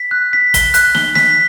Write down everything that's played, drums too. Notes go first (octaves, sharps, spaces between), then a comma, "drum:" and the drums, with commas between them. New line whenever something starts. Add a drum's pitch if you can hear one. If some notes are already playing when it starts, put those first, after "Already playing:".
Already playing: B6
F#6
B6
G7, drum: kick, hi-hat
F#6, drum: hi-hat
G7, drum: snare
B6, drum: snare